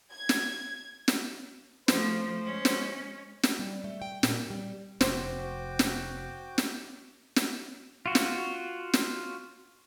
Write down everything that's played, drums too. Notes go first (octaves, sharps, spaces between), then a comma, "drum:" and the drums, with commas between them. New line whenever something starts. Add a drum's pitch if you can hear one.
G#6
drum: snare
drum: snare
F3 A3 C5, drum: snare
G#3 C#4
drum: snare
drum: snare
G3
A3
G5
A#2, drum: snare
G3
F1 F#4 C5 G5 D6, drum: snare
drum: snare
drum: snare
drum: snare
F4 F#4
drum: snare
drum: snare